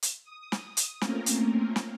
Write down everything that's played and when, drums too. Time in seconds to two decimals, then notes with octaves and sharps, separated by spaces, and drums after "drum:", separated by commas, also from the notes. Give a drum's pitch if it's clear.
0.03 drum: hi-hat
0.24 D#6
0.52 drum: snare
0.77 drum: hi-hat
1.01 A3 A#3 C4 C#4 F4 A#4, drum: snare
1.26 drum: hi-hat
1.76 drum: snare